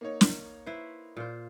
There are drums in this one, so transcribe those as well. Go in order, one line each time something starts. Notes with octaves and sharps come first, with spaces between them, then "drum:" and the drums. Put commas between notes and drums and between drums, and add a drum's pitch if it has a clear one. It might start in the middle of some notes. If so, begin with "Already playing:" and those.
A#3 D#4 C#5
drum: snare
E4 B4 C5
A#2 F4 C5